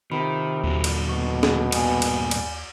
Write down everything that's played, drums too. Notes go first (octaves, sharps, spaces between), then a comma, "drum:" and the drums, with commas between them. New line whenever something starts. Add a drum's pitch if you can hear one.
C3 D#3 F4 B5
D#2 A#2 D3 F#3
drum: cymbal
B2 C#6
drum: snare
G2 A#2 B3 G#5 B5, drum: cymbal
drum: cymbal
drum: cymbal